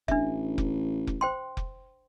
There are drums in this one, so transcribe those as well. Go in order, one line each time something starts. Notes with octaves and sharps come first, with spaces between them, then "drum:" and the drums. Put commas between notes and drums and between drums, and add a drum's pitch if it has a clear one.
A1 D4 E5, drum: kick F1
drum: kick F1
drum: kick F1
C5 G5 C6
drum: kick F1